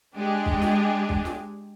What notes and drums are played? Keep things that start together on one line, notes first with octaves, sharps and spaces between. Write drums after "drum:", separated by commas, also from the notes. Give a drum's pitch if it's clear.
G#3 D4 G4 G#4
drum: kick
drum: snare
drum: kick
drum: snare